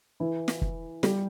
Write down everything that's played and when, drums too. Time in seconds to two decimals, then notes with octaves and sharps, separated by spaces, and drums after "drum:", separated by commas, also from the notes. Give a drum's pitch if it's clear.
0.20 E3 E4
0.48 drum: snare
0.62 drum: kick
1.03 G3 G4, drum: snare